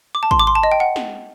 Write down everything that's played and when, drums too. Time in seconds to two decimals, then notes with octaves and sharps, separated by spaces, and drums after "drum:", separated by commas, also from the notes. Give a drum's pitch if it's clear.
0.15 D6
0.23 A5
0.31 C6, drum: kick
0.40 D6
0.47 C6
0.55 A5
0.63 D#5
0.72 G5
0.80 F#5
0.96 drum: snare